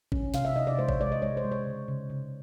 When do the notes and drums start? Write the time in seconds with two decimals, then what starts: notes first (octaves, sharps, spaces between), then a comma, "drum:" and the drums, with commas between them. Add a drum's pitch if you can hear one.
0.12 C#4, drum: kick A1
0.34 C3 F5, drum: snare
0.45 E5
0.56 C3 D#5
0.67 D5
0.79 G#3 C5
0.89 C#5, drum: kick A1
1.01 G#3 D5
1.12 D#5
1.22 G#3 C#5
1.37 C5
1.44 G#3
1.52 C#5
1.67 C#3
1.88 C#3
2.10 C#3